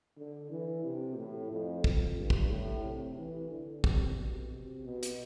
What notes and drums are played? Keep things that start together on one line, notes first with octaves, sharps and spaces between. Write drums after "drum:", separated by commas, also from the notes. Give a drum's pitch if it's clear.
D3
E3
C3
A2
F2
F2, drum: kick
G2
drum: kick
A2
C3
E3
D3
C3, drum: kick
B2
C3
B2
drum: hi-hat